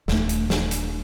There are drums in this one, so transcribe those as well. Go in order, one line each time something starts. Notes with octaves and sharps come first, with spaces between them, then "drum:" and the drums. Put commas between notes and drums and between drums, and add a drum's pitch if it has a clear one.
D#1 A3, drum: snare
drum: hi-hat
drum: snare
drum: hi-hat